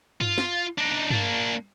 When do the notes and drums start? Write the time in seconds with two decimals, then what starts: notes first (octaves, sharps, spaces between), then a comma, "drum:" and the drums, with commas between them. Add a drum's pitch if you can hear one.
0.21 F4, drum: tom G2
0.38 drum: snare
0.78 D4 D#4
1.10 A#3 D4, drum: tom G2